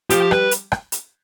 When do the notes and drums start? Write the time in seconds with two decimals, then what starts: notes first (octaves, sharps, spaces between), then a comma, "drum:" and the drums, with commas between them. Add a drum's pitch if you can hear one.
0.10 F3 G4, drum: hi-hat
0.31 G3 B4, drum: rim click
0.51 drum: hi-hat
0.72 drum: rim click
0.92 drum: hi-hat